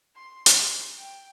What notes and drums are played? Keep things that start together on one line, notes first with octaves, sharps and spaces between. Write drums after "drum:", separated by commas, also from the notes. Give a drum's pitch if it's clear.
C6
drum: hi-hat
G5